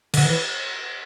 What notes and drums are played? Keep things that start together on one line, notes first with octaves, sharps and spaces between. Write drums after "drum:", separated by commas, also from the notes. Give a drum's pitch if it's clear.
D3, drum: cymbal
E3